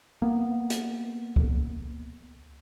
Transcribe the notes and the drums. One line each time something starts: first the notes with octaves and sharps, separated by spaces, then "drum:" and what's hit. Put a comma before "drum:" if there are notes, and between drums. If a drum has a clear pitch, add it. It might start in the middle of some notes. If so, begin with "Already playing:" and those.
A#3 B3
drum: hi-hat
drum: kick C#2